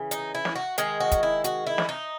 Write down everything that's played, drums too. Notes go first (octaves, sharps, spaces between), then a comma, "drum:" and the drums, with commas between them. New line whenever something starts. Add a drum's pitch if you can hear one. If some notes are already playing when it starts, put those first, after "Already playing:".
Already playing: C#3 E3
D#4, drum: hi-hat
E4
drum: snare
F#4
D#3 G#3 G#4, drum: hi-hat
F#4
drum: kick, hi-hat
E4
F#4, drum: hi-hat
E4
drum: snare
D#4